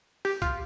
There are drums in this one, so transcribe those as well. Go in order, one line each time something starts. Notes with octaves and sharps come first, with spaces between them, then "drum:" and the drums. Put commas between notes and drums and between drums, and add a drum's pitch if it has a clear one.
G4, drum: open hi-hat
F4, drum: kick, hi-hat